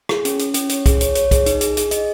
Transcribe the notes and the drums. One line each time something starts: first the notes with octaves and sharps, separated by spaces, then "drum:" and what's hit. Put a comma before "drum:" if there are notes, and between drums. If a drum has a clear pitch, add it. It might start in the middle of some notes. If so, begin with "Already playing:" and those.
G#4, drum: rim click
C#4, drum: hi-hat
C#4, drum: hi-hat
C#4, drum: hi-hat
C#5, drum: hi-hat
G#4, drum: kick B1, hi-hat
C#5, drum: hi-hat
C#5, drum: hi-hat
G#4, drum: kick B1, hi-hat
D#4, drum: hi-hat
G#4, drum: hi-hat
G#4, drum: hi-hat
D#5, drum: hi-hat